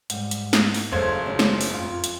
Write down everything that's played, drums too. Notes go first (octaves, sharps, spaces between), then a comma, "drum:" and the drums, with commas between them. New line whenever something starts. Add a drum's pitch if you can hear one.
G#2 G3, drum: hi-hat
drum: hi-hat
drum: snare
drum: open hi-hat
F#1 F4 A4 C5 F5 G#6
C#3 D4 F4
drum: snare
drum: open hi-hat
F2 F4
drum: hi-hat